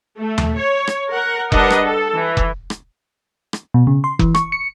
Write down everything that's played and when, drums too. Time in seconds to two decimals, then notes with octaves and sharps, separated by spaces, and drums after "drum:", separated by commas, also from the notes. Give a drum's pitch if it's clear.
0.18 A3
0.38 drum: tom D#2
0.57 C#5
0.87 drum: rim click
1.12 A#4 F#5
1.52 G3 D4 A#4 B4 D#5 F#5, drum: kick F1
1.70 drum: rim click
1.85 A4
2.15 E3
2.37 drum: kick F1
2.70 drum: rim click
3.53 drum: rim click
3.74 B2
3.87 C#3
4.04 C6
4.19 E3, drum: kick F1
4.35 C#6, drum: rim click
4.52 C#7